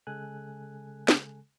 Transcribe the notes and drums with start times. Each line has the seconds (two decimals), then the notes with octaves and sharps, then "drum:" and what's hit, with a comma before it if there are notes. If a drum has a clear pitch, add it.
0.07 C#3 G#3 A4 G#5 F#6
1.08 drum: snare